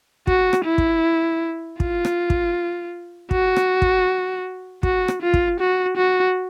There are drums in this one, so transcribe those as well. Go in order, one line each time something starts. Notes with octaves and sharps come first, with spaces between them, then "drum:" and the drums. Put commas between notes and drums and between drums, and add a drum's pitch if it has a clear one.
F#4, drum: kick
drum: rim click
E4
drum: kick
F4, drum: kick
drum: rim click
drum: kick
F#4, drum: kick
drum: rim click
drum: kick
F#4, drum: kick
drum: rim click
F4
drum: kick
F#4
F#4